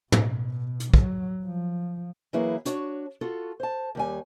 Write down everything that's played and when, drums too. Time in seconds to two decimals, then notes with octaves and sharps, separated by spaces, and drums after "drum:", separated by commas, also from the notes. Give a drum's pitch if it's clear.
0.12 B2, drum: tom
0.80 drum: hi-hat
0.94 F#3, drum: kick
1.45 F3
2.33 E3 F#3 A#3 E4 G#4 B4
2.65 D4 F#4 C#5, drum: hi-hat
3.21 F4 F#4 A4
3.60 C5 A5
3.95 D#2 G3 G#5